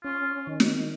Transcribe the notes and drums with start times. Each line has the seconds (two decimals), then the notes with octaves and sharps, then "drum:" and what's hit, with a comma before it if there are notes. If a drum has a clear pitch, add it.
0.04 C#4 F4
0.47 D#3
0.60 drum: snare